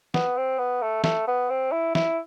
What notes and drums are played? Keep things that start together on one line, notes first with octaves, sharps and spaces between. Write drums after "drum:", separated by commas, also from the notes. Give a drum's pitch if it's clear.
B3, drum: snare
C4
B3
A3
A3, drum: snare
B3
C4
E4
E4, drum: snare